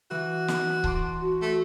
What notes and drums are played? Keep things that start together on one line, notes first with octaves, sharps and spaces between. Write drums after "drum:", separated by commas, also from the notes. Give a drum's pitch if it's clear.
E3 F#4
drum: snare
A5 C6 D6, drum: kick C#1
F#4
A3